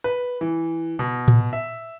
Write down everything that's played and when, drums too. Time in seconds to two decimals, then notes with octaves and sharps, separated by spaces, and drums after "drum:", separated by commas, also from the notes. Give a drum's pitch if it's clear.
0.04 B4
0.41 E3
0.99 B2
1.28 drum: tom A2
1.53 E5